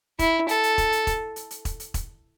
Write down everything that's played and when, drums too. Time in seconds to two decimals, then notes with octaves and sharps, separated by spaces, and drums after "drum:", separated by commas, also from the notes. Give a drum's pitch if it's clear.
0.19 E4, drum: kick E1, hi-hat
0.49 A4, drum: hi-hat
0.63 drum: hi-hat
0.78 drum: kick E1, hi-hat
0.92 drum: hi-hat
1.07 drum: kick E1, hi-hat
1.36 drum: hi-hat
1.51 drum: hi-hat
1.65 drum: kick E1, hi-hat
1.80 drum: hi-hat
1.94 drum: kick E1, hi-hat